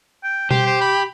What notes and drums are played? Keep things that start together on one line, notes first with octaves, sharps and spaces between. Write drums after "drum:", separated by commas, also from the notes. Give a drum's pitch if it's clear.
G5
G4 C5, drum: tom B2
C5
B5